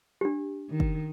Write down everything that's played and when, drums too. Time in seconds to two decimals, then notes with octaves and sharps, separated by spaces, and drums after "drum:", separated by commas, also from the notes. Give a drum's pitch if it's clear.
0.21 D4 G4
0.70 D#3
0.80 drum: kick